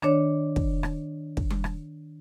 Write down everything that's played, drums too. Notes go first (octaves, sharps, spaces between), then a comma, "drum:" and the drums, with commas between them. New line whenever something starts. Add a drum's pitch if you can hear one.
D#3 D4 C#5 D5, drum: rim click
drum: kick
drum: rim click
drum: kick
drum: tom G3
drum: rim click